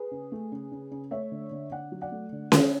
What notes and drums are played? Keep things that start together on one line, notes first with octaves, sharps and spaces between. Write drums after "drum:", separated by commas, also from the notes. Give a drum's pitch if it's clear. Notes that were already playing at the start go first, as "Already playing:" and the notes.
Already playing: G#4 B4
C#3
A3
C#3
C#3
C#3
A3 C#5 E5
D3
D3
D3 D5 F#5
F#3
D5 F#5
A3
D3
D3, drum: snare C#4